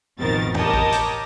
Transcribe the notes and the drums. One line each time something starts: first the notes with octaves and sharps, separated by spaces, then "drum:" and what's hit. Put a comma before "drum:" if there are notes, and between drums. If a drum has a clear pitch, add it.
A1 F2 B2 D#3 A#4 A6
G4 A#4 C#5 D#5 A5, drum: tom
drum: kick A1
drum: hi-hat